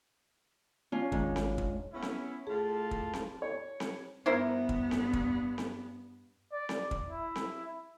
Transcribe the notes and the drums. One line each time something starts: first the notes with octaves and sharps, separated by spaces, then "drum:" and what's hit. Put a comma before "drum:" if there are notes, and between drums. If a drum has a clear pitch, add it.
C#4 D4 F4
G#1 G#2, drum: kick
drum: snare C4
drum: kick
B3 C#4 E4
drum: snare C4
A2 F4 G#4 A5
drum: kick
drum: snare C4
C#5
drum: snare C4
G2 B3 E4 A#4 C5
drum: kick
drum: snare C4
drum: kick
drum: snare C4
D5
drum: snare C4
drum: kick
E4
drum: snare C4